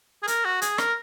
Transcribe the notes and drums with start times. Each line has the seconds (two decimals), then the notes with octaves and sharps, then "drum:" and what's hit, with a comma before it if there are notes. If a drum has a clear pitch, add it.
0.23 G#4
0.28 A#4, drum: hi-hat
0.45 F#4
0.62 G#4, drum: hi-hat
0.78 A#4, drum: rim click